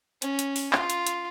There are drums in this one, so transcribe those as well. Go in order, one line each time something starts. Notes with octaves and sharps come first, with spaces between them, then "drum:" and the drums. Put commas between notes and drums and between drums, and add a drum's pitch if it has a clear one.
C#4, drum: hi-hat
drum: hi-hat
drum: open hi-hat
F4, drum: clap
drum: hi-hat
drum: hi-hat